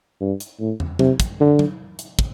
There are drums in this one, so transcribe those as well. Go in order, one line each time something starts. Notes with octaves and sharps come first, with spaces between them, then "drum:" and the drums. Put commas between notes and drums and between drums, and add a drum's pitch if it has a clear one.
G2
drum: hi-hat
A2
drum: tom
C3, drum: tom F#3
drum: kick, hi-hat
D3
drum: tom F#3
drum: hi-hat
drum: kick